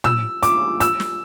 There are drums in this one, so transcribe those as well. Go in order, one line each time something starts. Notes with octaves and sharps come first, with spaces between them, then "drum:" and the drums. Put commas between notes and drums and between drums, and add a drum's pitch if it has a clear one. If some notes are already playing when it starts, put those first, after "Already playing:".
E6, drum: tom
D6, drum: hi-hat
E6, drum: hi-hat
drum: snare